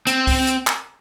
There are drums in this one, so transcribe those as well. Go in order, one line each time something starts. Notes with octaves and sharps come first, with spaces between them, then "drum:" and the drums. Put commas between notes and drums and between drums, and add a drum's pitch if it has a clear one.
C4, drum: hi-hat
drum: kick C2, open hi-hat
drum: hi-hat
drum: clap